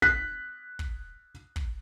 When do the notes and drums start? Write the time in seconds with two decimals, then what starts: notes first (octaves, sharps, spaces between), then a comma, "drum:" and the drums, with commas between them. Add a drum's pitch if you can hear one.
0.02 F#6 B6, drum: kick
0.79 drum: kick
1.56 drum: kick